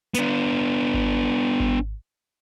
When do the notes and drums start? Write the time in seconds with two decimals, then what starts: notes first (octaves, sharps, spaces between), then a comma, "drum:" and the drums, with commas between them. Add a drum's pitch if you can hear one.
0.14 B3 D4, drum: hi-hat
0.94 drum: kick G#1
1.60 drum: kick G#1